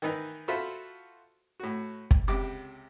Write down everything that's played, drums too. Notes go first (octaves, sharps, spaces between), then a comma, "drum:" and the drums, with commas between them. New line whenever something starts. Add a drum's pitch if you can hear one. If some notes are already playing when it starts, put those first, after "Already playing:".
D#3 E3 D#4 B4
F4 F#4 A4 C5 E5 B5
A2 F#4
drum: kick
C#2 C3 D6